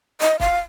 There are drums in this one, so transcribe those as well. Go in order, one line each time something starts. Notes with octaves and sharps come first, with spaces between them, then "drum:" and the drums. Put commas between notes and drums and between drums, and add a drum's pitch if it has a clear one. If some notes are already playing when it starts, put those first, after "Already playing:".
D#5, drum: hi-hat
F5, drum: kick